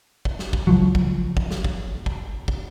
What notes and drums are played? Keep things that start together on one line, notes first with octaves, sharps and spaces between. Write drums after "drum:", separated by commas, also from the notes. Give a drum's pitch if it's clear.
drum: kick
drum: snare
drum: kick
C#2 F3 F#3
drum: kick
drum: kick
drum: snare
drum: kick
drum: kick
drum: kick